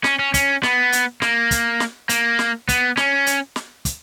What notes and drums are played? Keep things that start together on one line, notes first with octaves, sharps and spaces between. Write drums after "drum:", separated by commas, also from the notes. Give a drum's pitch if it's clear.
C#4, drum: snare
C#4
C#4, drum: kick, hi-hat
B3, drum: snare
drum: hi-hat
A#3, drum: snare
drum: kick, hi-hat
drum: snare
A#3, drum: hi-hat
drum: snare
B3, drum: kick, hi-hat
C#4, drum: snare
drum: hi-hat
drum: snare
drum: kick, hi-hat